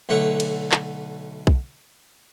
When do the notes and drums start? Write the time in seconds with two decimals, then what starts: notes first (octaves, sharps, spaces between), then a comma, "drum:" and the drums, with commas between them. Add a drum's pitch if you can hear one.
0.09 B1 D3 A3 C#5 F#5
0.40 drum: cymbal
0.72 drum: clap
1.47 drum: kick B1